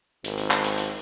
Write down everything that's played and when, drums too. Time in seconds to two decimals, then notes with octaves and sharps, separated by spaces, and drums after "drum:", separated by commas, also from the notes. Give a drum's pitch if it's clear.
0.24 G#1, drum: hi-hat
0.38 drum: hi-hat
0.51 drum: clap
0.64 drum: hi-hat
0.77 drum: hi-hat